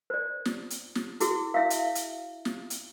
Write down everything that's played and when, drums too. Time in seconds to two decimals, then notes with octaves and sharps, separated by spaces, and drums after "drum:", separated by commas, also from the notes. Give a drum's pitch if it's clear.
0.10 C5 D5
0.45 drum: snare
0.70 drum: hi-hat
0.95 drum: snare
1.20 E4 F#4 G#4, drum: hi-hat
1.54 E4 E5 F5
1.70 drum: hi-hat
1.95 drum: hi-hat
2.45 drum: snare
2.70 drum: hi-hat